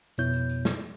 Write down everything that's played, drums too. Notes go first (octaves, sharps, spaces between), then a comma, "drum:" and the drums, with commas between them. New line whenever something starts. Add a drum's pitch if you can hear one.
F2 B2 B3 E4 C#5 G6, drum: tambourine
drum: tambourine
drum: tambourine
drum: snare
drum: tambourine